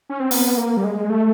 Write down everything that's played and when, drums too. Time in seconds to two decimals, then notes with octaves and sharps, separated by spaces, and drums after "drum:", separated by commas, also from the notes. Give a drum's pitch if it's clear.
0.10 C#4
0.20 C4
0.31 B3, drum: open hi-hat
0.57 A#3
0.77 G3
0.84 G#3
1.10 A3